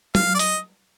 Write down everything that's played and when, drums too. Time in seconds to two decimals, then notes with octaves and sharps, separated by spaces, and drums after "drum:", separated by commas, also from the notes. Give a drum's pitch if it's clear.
0.15 F5, drum: tom
0.35 D5
0.39 D#5, drum: hi-hat